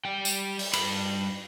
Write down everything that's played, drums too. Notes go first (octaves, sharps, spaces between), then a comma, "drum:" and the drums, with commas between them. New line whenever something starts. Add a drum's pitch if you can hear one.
G3 G5
drum: tambourine
drum: open hi-hat
G2 B5, drum: cymbal